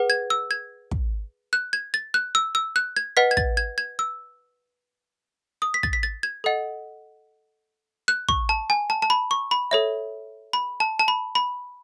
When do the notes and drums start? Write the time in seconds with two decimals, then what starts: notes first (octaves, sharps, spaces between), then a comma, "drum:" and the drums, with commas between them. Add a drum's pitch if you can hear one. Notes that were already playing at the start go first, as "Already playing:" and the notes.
Already playing: G#4 B4 F#5
0.10 G#6
0.30 E6
0.51 G#6
0.91 drum: kick
1.53 F#6
1.73 G#6
1.94 A6
2.14 F#6
2.35 E6
2.55 E6
2.76 F#6
2.96 G#6
3.17 B4 D#5 F#5 B6
3.31 G#6
3.37 A6, drum: kick
3.57 G#6
3.78 G#6
3.99 E6
5.62 D#6
5.74 B6
5.83 A6, drum: kick
5.93 B6
6.03 A6
6.23 G#6
6.44 A4 D#5 F#5
8.08 F#6
8.29 C#6, drum: kick
8.49 A5
8.70 G#5
8.90 A5
9.02 A5
9.10 B5
9.31 C#6
9.51 B5
9.71 A4 C#5 E5
10.53 B5
10.80 A5
10.99 A5
11.08 B5
11.35 B5